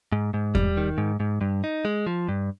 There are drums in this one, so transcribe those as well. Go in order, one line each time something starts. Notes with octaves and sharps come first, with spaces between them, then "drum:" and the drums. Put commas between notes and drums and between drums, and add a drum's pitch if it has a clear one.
G#2
G#2
G3, drum: kick E2
D#3
G#2
G#2
G2
D#4
G#3
F3
G2